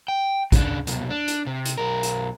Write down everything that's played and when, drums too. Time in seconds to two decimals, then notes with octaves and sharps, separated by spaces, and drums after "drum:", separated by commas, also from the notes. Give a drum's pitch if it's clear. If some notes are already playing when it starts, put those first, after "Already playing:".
0.08 G5
0.52 C#3 D4, drum: kick, hi-hat
0.87 C2 B2, drum: hi-hat
1.10 D4
1.28 drum: hi-hat
1.47 C3
1.65 drum: hi-hat
1.78 B1 A#4
2.03 drum: hi-hat